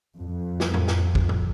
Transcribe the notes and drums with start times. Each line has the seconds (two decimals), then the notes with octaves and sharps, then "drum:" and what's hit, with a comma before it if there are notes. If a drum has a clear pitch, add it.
0.19 F2
0.60 drum: snare
0.74 drum: tom A2
0.88 drum: snare
1.15 drum: kick
1.29 drum: tom